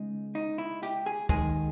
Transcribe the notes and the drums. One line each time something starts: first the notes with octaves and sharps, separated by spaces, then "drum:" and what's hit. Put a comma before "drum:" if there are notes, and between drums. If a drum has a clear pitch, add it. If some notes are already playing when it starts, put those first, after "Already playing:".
Already playing: C#2 C#3 G#3 D#4
D#4
E4
G4, drum: tambourine
G#4
D#2 D#3 G#3 G#4, drum: kick, tambourine